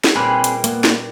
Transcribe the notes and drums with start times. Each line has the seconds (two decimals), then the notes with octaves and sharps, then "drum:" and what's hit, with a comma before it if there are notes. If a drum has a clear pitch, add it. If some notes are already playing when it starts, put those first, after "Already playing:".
0.04 drum: snare
0.16 A#2 G3 C4 G#4 B4
0.44 drum: hi-hat
0.64 A#3 B3, drum: hi-hat
0.84 drum: snare